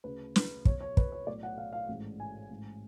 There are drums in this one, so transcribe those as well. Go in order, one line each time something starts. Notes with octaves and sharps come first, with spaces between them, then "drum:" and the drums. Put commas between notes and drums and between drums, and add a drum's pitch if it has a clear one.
D2 C#3 B4
B4, drum: snare
B1 B2 C#5, drum: kick
C#5
B4, drum: kick
C#5
B1 A2 D5
F#5
F5
F5
A1 G#2
G#5
A1 G#2